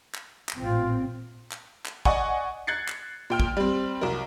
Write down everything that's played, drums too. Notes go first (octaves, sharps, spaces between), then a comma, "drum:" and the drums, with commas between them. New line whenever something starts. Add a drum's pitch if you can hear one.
drum: clap
drum: clap
A1 A#2 C4 F4
drum: clap
drum: clap
D5 D#5 F#5 G#5 C#6, drum: kick
F#6 G#6 A6 C7 C#7
drum: clap
A#2 G5 F6
drum: kick
G3 C4
C2 F#3 A#4